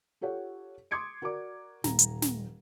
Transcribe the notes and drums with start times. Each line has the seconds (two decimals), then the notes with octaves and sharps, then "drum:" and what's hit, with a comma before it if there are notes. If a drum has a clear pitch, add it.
0.21 F4 G4 A4 C#5 F#5
0.91 C6 D6 D#6 G#6 C#7 D7
1.22 F#4 A#4 D5 F#5 D6
1.84 D#1 A#5, drum: snare
1.99 drum: hi-hat
2.22 drum: snare